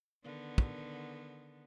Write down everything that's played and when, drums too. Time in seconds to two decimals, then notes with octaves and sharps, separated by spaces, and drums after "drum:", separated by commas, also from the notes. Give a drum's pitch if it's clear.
0.24 D3 D#3 B3
0.58 drum: kick